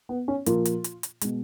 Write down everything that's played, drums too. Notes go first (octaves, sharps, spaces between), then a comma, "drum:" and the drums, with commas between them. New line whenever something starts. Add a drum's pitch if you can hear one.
B3
C#4
A#2 F3 A#3 F4, drum: hi-hat
drum: hi-hat
drum: hi-hat
drum: hi-hat
B2 G#3, drum: hi-hat